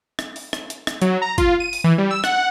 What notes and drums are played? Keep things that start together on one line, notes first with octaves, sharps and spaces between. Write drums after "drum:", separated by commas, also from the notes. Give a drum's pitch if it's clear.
drum: rim click
drum: open hi-hat
drum: rim click
drum: hi-hat
drum: rim click
F#3, drum: hi-hat
A#5
F4, drum: kick G1, hi-hat
D#7
drum: open hi-hat
E3
G3
E6
F#5, drum: rim click